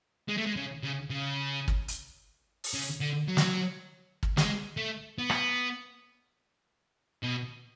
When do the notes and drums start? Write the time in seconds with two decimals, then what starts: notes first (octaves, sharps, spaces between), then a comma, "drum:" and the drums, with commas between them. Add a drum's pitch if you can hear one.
0.28 G#3
0.37 A3
0.46 G#3
0.56 C#3
0.83 C#3
1.10 C#3
1.68 drum: kick
1.88 drum: hi-hat
2.64 drum: open hi-hat
2.74 C#3
3.00 D3
3.28 F#3
3.37 drum: snare
4.23 drum: kick
4.37 G#3, drum: snare
4.77 A3
5.19 B3
5.30 drum: rim click
7.23 B2